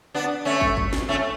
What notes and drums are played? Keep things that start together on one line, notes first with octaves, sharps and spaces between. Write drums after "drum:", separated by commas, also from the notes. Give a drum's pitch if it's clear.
B3 D4
A3 C#4
drum: kick
drum: kick
drum: snare
A3 C#4